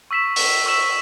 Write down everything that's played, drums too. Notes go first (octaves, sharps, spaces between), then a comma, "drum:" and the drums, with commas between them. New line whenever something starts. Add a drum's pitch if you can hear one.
C#6 E6 B6 E7
drum: open hi-hat
C#6 E6 B6 E7